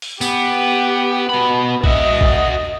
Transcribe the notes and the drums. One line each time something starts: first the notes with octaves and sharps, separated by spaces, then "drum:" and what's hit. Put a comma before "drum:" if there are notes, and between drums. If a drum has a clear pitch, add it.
drum: open hi-hat
B3 G4, drum: tambourine
B2 B3 B5
F#4 D#5 E5, drum: kick
drum: kick